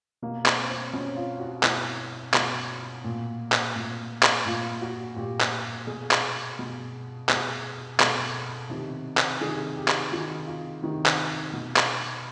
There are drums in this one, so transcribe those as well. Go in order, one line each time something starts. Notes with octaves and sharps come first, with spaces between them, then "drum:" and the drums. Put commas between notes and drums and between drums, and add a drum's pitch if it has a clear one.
B2 A#3
C4, drum: clap
C4
B2 C#4
F4
F#4
B2 E4, drum: clap
B2 F#4, drum: clap
A#2
drum: clap
A#2
drum: clap
A#2 F4
F#4
A#2 G4
drum: clap
B2 G#4
drum: clap
B2
B2 G#4, drum: clap
B2 A4, drum: clap
C3 D#3
drum: clap
C3 D#3 G#4
G4
drum: clap
C3 D#3 F#4
F4
C3 D#3
drum: clap
B2
drum: clap